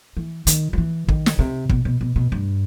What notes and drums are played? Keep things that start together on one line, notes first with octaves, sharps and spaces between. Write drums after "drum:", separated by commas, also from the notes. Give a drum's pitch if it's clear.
E3
D#3, drum: hi-hat
F#3
E3
D#3, drum: kick
drum: snare
C3
B2, drum: kick
B2
B2
B2
G2